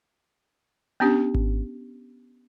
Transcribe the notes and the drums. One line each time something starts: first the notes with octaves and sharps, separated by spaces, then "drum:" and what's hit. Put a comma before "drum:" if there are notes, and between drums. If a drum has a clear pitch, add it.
B3 C#4 D4 G4
drum: kick G#1